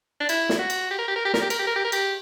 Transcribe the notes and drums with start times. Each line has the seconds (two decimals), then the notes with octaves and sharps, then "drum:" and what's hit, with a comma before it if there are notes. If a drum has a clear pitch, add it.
0.20 D4
0.29 E4, drum: cymbal
0.49 drum: snare
0.59 F#4
0.70 drum: cymbal
0.90 G4
0.98 A#4
1.08 G4
1.16 A#4
1.25 G4
1.34 A#4, drum: snare
1.42 G4
1.50 A#4, drum: cymbal
1.59 G4
1.67 A#4
1.76 G4
1.84 A#4
1.92 G4, drum: cymbal